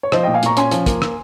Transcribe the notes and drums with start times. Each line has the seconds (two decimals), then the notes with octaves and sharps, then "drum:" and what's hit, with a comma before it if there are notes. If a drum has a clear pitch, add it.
0.03 C#5
0.12 F3 C5 D#5, drum: rim click
0.23 A#2 D#5 G5
0.34 F5 G#5
0.43 A#2 A#5 C#6, drum: hi-hat
0.57 C#4 G#5 C6, drum: hi-hat
0.71 F3, drum: hi-hat
0.86 A#3, drum: kick, hi-hat
1.02 drum: rim click